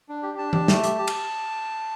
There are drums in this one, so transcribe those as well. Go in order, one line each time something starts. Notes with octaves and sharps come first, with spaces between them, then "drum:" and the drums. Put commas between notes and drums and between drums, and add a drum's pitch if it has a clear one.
D4
G4
D4 A5
G4, drum: tom E3
A3, drum: snare
G4, drum: hi-hat
G4
drum: cymbal